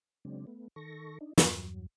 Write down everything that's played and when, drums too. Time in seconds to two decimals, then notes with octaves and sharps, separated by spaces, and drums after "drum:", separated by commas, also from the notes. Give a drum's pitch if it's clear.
0.25 C#3 F#3 G#3 C4 D4
0.47 A3 B3
0.76 D#3 A4 C#6 A#6
1.21 D4 D#4
1.38 E2 G2 F#3, drum: snare